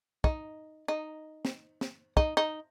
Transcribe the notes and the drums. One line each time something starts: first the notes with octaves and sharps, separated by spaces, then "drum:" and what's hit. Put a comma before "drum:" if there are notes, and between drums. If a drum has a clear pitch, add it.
D#4, drum: kick
D#4
drum: snare
drum: snare
D#4, drum: kick
D#4